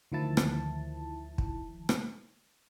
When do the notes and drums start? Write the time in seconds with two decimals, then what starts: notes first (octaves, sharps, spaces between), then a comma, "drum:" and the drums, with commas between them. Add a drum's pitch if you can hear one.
0.12 D2 D#3 F3 E4 A5
0.37 drum: rim click
1.38 drum: kick
1.89 drum: rim click